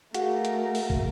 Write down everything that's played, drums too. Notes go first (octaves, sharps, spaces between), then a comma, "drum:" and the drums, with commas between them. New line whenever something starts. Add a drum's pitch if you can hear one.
A3 F#4 G#4 A#4 F5, drum: hi-hat
drum: hi-hat
drum: open hi-hat
drum: kick